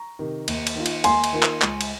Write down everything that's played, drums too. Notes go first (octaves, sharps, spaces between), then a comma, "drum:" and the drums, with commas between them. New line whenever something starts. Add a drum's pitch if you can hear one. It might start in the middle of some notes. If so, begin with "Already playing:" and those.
Already playing: A#5 C#6
C3 D#3
D#2, drum: cymbal
drum: cymbal
D#3 A#3 F4
drum: cymbal
D#2 G#5 C6, drum: cymbal
drum: cymbal
D#3 A#3 F4
drum: clap
C#2, drum: clap
drum: cymbal